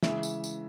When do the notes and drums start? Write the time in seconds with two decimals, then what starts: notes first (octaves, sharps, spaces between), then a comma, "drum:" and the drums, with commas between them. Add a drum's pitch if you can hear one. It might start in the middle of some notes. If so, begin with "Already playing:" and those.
0.03 C#3 E3 G#3 E5, drum: snare
0.23 drum: tambourine
0.44 drum: tambourine